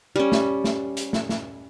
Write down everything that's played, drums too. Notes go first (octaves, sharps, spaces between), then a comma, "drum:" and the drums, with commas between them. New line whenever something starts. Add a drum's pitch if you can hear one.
G3 C#4
drum: snare
drum: snare
drum: hi-hat
drum: snare
drum: snare